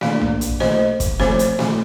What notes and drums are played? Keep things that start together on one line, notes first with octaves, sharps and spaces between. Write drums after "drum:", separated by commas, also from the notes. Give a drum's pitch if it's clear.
D#3 A#3 D4 D5 F5, drum: snare A3
drum: tom A#1
drum: hi-hat
C5 D#5, drum: snare A3
drum: kick, hi-hat
F3 C4 A4 C5, drum: snare A3
drum: hi-hat
drum: snare A3